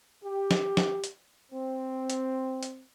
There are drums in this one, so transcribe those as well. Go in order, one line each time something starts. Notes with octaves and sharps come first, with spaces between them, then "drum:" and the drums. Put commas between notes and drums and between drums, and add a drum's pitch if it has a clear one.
G4
drum: snare
drum: snare
drum: hi-hat
C4
drum: hi-hat
drum: hi-hat